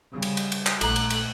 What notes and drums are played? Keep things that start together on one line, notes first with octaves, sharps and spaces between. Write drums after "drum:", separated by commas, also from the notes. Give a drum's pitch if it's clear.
C#3 G3
drum: cymbal
drum: cymbal
drum: cymbal
drum: clap
A#1 A3 A4 A#5 F#6, drum: cymbal
drum: cymbal
drum: cymbal